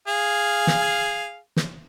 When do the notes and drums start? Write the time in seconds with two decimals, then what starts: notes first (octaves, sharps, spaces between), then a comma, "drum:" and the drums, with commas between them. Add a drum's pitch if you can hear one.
0.08 G#4 F5
0.67 drum: snare
1.56 drum: snare